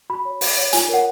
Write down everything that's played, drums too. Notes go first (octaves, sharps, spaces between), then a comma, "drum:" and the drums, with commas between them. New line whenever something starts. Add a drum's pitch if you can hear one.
F#4 B5
C#5
F#4, drum: open hi-hat
C#5
F4 G#5, drum: hi-hat
A#4 C#5 F#5